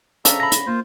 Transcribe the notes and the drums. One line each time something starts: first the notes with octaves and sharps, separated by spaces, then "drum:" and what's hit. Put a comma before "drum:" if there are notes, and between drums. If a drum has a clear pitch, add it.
C#3 F3 D4 A4 E5 A#5, drum: hi-hat
B5 A#6
drum: hi-hat
A#3 F4 C5